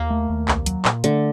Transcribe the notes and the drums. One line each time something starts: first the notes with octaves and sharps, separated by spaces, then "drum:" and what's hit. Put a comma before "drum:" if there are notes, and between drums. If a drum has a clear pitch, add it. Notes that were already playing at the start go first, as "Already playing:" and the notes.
Already playing: D#2 A#3
A3
D#2
C2, drum: clap
F#3, drum: hi-hat
A#2, drum: clap
D3 A3, drum: hi-hat